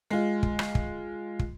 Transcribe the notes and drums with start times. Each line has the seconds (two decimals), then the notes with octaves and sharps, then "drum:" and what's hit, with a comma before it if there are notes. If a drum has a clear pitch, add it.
0.10 G#3 F4
0.43 drum: kick
0.59 drum: rim click
0.75 drum: kick
1.39 drum: kick